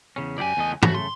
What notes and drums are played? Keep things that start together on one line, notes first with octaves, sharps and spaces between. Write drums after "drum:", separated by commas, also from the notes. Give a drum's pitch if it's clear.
E2 C#3 C#4
C#2 F#2 G4 D5 G#5
E2 A3 D#5
F#2 C#3 A3 F#4, drum: tom
C6